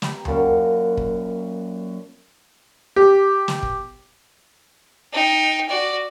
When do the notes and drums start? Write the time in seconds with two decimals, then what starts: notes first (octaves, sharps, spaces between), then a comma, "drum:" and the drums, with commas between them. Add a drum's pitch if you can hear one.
0.02 G4 A#5 B5, drum: snare
0.25 F#2 A#2 A5, drum: tom D2
0.97 drum: kick
2.96 G4
3.48 drum: snare
3.63 drum: kick
5.13 D#4 G5
5.69 F#4 D5